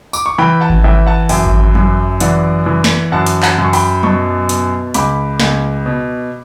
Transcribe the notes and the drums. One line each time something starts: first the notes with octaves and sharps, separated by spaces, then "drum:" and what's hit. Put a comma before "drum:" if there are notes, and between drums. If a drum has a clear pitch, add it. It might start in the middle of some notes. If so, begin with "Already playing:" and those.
D6, drum: tambourine
C#6
E3 G5 B5
F#5 A5
drum: kick G#1
E3 E5 G5
F#5 A5
F#2 E5 G5, drum: open hi-hat
drum: kick G#1
F#2, drum: tom F#3
E3 D5 F#5, drum: hi-hat
E3
drum: snare
F#2 F#5 A5
drum: hi-hat
F#5 A5, drum: clap
F#2
C#6
G5 B5, drum: open hi-hat
B2 A5 C#6, drum: tom F#3
B2, drum: hi-hat
C#2 B5 D6, drum: hi-hat
C#2, drum: snare
B2